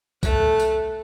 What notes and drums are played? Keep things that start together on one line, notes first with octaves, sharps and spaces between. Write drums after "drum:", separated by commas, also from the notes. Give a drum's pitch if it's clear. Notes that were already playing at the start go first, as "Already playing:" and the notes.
A3 F#6, drum: kick B1, tambourine
drum: tambourine